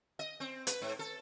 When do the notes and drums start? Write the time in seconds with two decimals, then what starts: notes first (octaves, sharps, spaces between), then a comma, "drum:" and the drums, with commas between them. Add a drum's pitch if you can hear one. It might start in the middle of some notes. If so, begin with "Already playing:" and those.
0.19 D#5
0.40 C4
0.67 B4, drum: hi-hat
0.82 G#2
0.99 A4